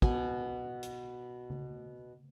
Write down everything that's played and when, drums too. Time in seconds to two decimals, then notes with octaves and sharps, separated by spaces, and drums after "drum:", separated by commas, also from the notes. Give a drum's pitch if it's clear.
0.02 B2 G#5, drum: kick
0.83 drum: hi-hat
1.50 drum: tom C#3